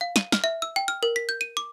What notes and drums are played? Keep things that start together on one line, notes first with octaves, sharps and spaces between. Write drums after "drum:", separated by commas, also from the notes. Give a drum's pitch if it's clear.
F5
D#7, drum: snare
F6, drum: snare
E5
E6
G5
F6
A#4
B6
G6
D#7
D6